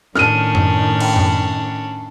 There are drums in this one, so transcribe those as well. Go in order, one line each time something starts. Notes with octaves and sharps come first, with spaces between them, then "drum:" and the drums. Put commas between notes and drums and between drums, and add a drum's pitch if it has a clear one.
A2 D#3 C#4 D4 F6 D#7, drum: snare
drum: tom F#2
drum: cymbal
drum: tom F#2